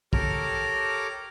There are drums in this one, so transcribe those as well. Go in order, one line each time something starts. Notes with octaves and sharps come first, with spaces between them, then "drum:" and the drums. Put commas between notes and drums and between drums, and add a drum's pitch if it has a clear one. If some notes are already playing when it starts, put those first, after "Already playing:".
G4 A4 A#4 C#5 D6 F6, drum: kick